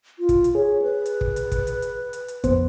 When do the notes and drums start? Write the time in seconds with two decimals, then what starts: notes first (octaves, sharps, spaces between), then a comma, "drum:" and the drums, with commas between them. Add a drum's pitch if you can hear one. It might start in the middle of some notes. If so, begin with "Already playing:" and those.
0.19 F4
0.29 drum: kick, hi-hat
0.44 drum: hi-hat
0.55 G#4 C#5
0.82 B4
1.06 drum: hi-hat
1.21 drum: kick
1.36 drum: hi-hat
1.52 drum: kick, hi-hat
1.67 drum: hi-hat
1.82 drum: hi-hat
2.13 drum: hi-hat
2.28 drum: hi-hat
2.44 F2 B3 C5, drum: kick, hi-hat